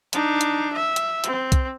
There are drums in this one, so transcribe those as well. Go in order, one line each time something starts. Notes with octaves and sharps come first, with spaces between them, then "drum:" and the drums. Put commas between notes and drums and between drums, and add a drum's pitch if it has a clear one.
D4 D#4, drum: hi-hat
drum: hi-hat
E5
drum: hi-hat
C4, drum: hi-hat
drum: kick C2, hi-hat